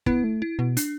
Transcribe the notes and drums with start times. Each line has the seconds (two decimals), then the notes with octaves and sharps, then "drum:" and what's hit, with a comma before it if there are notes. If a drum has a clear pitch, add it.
0.06 B3 E4, drum: kick
0.24 A3
0.42 E4
0.59 B2
0.77 D4, drum: hi-hat